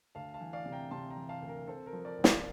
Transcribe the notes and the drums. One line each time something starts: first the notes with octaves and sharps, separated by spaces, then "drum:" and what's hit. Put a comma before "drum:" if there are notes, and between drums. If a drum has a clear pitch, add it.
D2 F5 A5
F5 A5
E3
D5 F5
C3
G5 A#5
C3 A5 C6
G5 A#5
E3
F5 A5
D2
A#4
C4 A4
A#4
F3
A#4 D5
C2
D5 F5, drum: snare